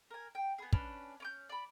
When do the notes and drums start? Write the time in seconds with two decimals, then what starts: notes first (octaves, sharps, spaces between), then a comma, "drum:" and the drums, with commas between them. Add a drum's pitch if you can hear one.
0.11 A#4 G#5
0.35 G5
0.58 B3 G#4
0.73 C#4 D4 B4, drum: kick
1.20 C#4 D6 G6
1.49 D5 B5